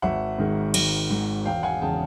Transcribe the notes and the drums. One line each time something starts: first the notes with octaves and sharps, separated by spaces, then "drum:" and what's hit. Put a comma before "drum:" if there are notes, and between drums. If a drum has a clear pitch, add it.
G#1 E5 F#5
G#2 D#3 G#3
G#1, drum: cymbal
G#2 D#3 G#3
E1 F5 G5
F#5 G#5
E2 C#3 G5 A5